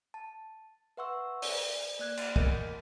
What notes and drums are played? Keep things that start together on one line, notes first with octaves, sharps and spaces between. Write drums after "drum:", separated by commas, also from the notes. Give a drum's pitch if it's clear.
A5
B4 E5 F#5 C6 C#6 E6
C5 D5, drum: open hi-hat
A#3 D5 F#6 G#6
drum: cymbal
A3 A#4 D#5 G6 C#7, drum: kick